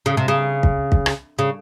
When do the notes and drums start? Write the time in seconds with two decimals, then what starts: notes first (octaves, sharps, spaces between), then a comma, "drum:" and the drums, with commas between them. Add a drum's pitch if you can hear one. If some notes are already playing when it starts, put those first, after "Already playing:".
0.06 C#3
0.17 C3
0.28 C#3
0.63 drum: kick
0.92 drum: kick
1.06 drum: rim click
1.39 C#3